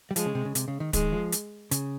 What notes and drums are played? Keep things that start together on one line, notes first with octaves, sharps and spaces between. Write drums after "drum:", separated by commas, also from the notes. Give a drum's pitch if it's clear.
G3
F3 G#3, drum: hi-hat
C#3
C3
C#3
C3, drum: hi-hat
C#3
D#3
D#3 G#3, drum: kick, hi-hat
F3
drum: hi-hat
C#3, drum: hi-hat